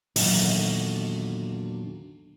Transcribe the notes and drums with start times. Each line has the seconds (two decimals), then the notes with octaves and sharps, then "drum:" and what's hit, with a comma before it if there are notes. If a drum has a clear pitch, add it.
0.16 E2 A#2 D3 D#3 F#3, drum: open hi-hat